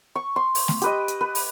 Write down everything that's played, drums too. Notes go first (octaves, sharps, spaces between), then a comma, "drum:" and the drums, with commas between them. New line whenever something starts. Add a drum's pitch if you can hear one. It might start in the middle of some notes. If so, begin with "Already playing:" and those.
C#6
C6
drum: open hi-hat
drum: snare A3
G4 B4 D#5, drum: hi-hat
drum: hi-hat
B4
drum: open hi-hat